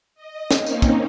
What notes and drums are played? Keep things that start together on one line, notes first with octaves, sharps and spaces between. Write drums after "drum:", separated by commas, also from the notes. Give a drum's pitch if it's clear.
D#5
A#3 C4 C#4 D#4, drum: snare
drum: tambourine
drum: kick, tambourine